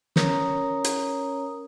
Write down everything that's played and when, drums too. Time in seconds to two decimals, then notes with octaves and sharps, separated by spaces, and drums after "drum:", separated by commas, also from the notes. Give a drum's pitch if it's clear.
0.16 C#4 A#4 C#5 A#5 D#6, drum: snare
0.84 drum: hi-hat